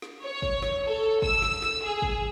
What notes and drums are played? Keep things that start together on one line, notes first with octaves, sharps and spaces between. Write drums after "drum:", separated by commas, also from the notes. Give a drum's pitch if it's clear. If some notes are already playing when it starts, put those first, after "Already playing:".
drum: snare
C#5
drum: kick
drum: snare
A4
E6, drum: kick
drum: snare
drum: snare
G#4
drum: kick